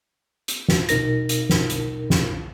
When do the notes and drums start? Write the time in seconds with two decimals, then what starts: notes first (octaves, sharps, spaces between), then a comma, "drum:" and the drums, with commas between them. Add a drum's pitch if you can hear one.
0.48 drum: hi-hat
0.68 drum: snare
0.89 B2 D#4 A#4 A#6, drum: hi-hat
1.29 drum: hi-hat
1.49 drum: snare
1.70 drum: hi-hat
2.10 drum: snare